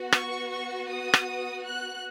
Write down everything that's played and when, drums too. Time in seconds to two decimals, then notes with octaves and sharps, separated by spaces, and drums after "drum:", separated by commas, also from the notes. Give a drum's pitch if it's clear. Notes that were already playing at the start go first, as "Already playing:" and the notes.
Already playing: B3 F#4
0.12 C#6, drum: rim click
0.50 C#6
0.89 D#6
1.14 drum: rim click
1.65 F#6